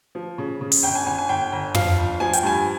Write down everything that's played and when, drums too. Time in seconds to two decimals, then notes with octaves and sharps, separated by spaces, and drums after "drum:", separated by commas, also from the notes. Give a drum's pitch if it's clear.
0.15 F3
0.38 C#3
0.61 C#3
0.72 drum: open hi-hat
0.83 G1 G5
0.95 G#5
1.06 G1 G#5
1.18 G#5
1.29 G1 G5
1.53 G1
1.75 F3 F5, drum: tom
1.97 G1
2.20 F3 G#5
2.33 G5, drum: hi-hat
2.43 G2 G#5